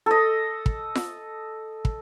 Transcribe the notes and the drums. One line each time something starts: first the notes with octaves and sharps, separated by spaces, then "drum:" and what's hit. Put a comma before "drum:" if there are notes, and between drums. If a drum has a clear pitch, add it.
A4 D#5
drum: kick
drum: snare F4
drum: kick